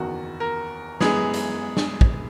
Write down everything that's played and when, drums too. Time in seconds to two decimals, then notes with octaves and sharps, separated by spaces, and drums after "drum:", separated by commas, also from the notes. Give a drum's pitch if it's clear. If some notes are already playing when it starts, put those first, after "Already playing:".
Already playing: F#1 E2 D#3 F#4
0.40 A#4
1.01 F#2 E3 G#3 B3 G#4, drum: snare
1.34 drum: hi-hat
1.77 drum: snare
2.01 drum: kick